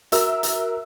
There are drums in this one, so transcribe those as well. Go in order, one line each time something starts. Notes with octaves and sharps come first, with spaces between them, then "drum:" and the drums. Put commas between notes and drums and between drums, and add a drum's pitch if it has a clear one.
F#4 A#4 E5 E6, drum: hi-hat
drum: hi-hat